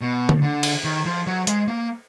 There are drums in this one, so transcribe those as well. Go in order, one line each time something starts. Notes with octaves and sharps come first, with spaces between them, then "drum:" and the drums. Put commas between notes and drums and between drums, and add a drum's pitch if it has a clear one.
B2
drum: tom D3
D3
drum: cymbal
D#3
F3
F#3
G#3, drum: hi-hat
A#3